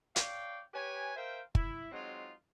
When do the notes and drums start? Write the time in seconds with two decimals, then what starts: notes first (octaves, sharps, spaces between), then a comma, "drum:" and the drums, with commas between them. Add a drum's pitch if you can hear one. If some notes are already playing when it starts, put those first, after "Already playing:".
0.16 C#5 D5 F5 G5, drum: hi-hat
0.73 G4 B4 C#5 G#5
1.16 A#4 C5 E5 F5 G5
1.55 E4, drum: kick
1.92 F#3 G#3 C4 D#4 F4